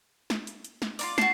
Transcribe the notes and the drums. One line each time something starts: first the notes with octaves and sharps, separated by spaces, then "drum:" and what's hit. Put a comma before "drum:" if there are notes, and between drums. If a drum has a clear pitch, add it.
drum: snare
drum: hi-hat
drum: hi-hat
drum: snare
F4 A#4 D5, drum: open hi-hat
F#4 A5 C7, drum: snare